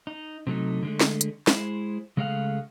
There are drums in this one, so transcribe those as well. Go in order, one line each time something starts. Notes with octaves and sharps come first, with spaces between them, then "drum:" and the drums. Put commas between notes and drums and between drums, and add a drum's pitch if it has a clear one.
D#4
C3 F#3 A3 D#4
D3 G#3 A3
drum: snare
drum: hi-hat
G#3 E4 G#4 C5, drum: snare
C#3 G#3 A3 G#4 F5 F#5